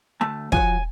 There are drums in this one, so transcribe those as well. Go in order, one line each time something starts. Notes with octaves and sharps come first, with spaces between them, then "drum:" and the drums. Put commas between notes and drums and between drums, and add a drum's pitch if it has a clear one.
D2 A3 A5
F3 F#4 C#5 G#5, drum: kick